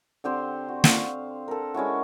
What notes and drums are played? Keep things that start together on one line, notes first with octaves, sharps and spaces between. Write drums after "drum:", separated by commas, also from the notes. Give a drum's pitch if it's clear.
D3 C4 G4 C5
F#4
F5, drum: snare
A4 A#4
G#3 C#4 E4 F#4